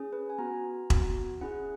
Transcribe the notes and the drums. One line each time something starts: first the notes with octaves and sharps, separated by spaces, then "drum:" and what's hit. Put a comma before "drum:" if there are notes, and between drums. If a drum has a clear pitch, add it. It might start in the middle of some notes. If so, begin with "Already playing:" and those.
Already playing: C#4 G#4
B4
G#5
B3 F#4 A#5
B3 F#4, drum: kick E1
C#4 E4 G#4 F#5